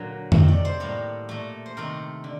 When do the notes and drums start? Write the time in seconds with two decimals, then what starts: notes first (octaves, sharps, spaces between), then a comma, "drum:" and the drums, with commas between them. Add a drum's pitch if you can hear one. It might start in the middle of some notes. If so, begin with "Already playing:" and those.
Already playing: A#2 D3 F#3 A#3
0.32 C3 D#3 A3, drum: tom F2
0.48 D5
0.65 C5
0.80 A2 G3 A#3 A4
1.29 A#2 A3
1.66 C5
1.77 C3 D#3 A3 A#4
2.24 D3